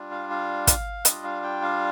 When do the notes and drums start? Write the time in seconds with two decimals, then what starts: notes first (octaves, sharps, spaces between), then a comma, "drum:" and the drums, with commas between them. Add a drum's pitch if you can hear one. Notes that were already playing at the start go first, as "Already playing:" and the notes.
Already playing: G3 D4 F4
0.11 F5
0.30 F5
0.67 drum: kick, hi-hat
1.05 G3 D4 F4 D#5, drum: hi-hat
1.24 F5
1.43 G5
1.62 F5